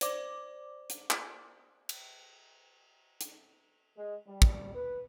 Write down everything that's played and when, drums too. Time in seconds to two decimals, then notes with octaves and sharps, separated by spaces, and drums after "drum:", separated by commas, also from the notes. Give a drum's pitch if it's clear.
0.01 C5 D5 D6, drum: hi-hat
0.90 drum: hi-hat
1.10 drum: clap
1.89 drum: cymbal
3.21 drum: hi-hat
3.97 G#3
4.27 G3
4.42 drum: kick
4.75 B4